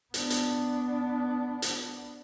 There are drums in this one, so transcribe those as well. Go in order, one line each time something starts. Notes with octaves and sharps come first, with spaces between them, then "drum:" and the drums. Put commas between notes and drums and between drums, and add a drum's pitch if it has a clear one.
B3 D4, drum: hi-hat
drum: hi-hat
drum: hi-hat